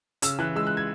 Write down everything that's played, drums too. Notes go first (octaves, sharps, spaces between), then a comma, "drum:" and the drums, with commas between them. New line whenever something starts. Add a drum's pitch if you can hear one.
C#3 E6, drum: hi-hat
E3 F#6
G#3 E6
F#6
G#6